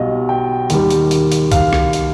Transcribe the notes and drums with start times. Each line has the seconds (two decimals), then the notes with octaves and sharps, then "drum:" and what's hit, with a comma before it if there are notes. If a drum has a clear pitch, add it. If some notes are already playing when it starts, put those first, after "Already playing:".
Already playing: B1 B2 G3 D#5 F5
0.29 G5
0.70 D#2 D#3 G3, drum: hi-hat
0.90 drum: hi-hat
1.11 drum: hi-hat
1.32 drum: hi-hat
1.52 F5, drum: kick C2, hi-hat
1.73 drum: rim click
1.93 drum: hi-hat